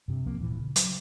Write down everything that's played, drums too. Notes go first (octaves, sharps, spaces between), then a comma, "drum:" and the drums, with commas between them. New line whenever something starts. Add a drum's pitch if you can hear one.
G2 C3
C2 F3 A#3 C4
D#1 A#2 E3
C#3
F#3, drum: hi-hat